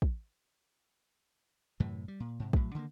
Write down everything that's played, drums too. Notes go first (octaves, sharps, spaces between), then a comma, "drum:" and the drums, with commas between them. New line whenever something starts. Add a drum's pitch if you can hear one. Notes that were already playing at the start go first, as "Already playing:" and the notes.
drum: kick
F#2 A2 C3 E3
G3
A#2
G#2 C3
A2 F#3, drum: kick
D3 D#3 G#3 A#3